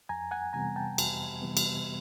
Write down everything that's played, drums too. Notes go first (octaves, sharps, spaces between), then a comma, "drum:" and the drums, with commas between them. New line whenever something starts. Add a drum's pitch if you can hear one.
F2 G#5 A#5
F#5 G#5
C3 E3 G3 B3 G#5 A#5
G5 A5
F2, drum: cymbal
C3 E3 G3 B3
drum: cymbal